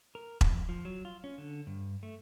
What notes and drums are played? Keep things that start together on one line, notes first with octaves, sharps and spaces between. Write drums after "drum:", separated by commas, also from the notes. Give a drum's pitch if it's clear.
A#4
F2, drum: kick E1
F3
F#3
F4
C#4
D3
G2
A3